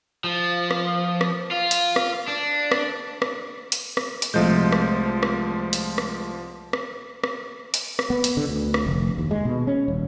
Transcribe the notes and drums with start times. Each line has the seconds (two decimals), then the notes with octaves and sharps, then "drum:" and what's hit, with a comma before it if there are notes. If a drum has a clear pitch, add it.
0.24 F3
0.71 drum: rim click
1.21 drum: rim click
1.51 F4
1.71 drum: hi-hat
1.96 drum: rim click
2.28 D4
2.72 drum: rim click
3.22 drum: rim click
3.72 drum: hi-hat
3.97 drum: rim click
4.22 drum: hi-hat
4.34 C2 F3 G#3 A3 G6
4.72 drum: rim click
5.23 drum: rim click
5.73 drum: hi-hat
5.98 drum: rim click
6.73 drum: rim click
7.24 drum: rim click
7.74 drum: hi-hat
7.99 drum: rim click
8.10 B3
8.24 drum: hi-hat
8.37 D3
8.49 D2
8.74 drum: rim click
8.87 F1
9.18 D#2
9.31 G#3
9.45 B2
9.67 C#4
9.88 D#1